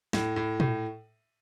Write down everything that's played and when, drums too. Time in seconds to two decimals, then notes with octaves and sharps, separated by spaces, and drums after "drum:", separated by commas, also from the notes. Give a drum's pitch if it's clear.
0.13 A2, drum: snare
0.36 A2
0.60 A2, drum: tom A#2